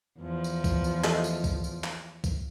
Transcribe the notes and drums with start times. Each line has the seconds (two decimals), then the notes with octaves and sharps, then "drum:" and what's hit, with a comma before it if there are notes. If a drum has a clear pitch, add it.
0.19 E2 F3
0.44 drum: tambourine
0.64 drum: kick B1, tambourine
0.84 drum: tambourine
1.04 A3 D#5, drum: clap
1.24 drum: tambourine
1.44 drum: kick B1, tambourine
1.64 drum: tambourine
1.84 drum: clap
2.24 drum: kick B1, tambourine